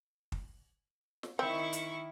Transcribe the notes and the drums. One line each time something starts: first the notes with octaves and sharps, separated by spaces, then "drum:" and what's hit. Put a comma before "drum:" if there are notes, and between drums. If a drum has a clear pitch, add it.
drum: kick
drum: snare
D#3 C4 E4 C#6
drum: hi-hat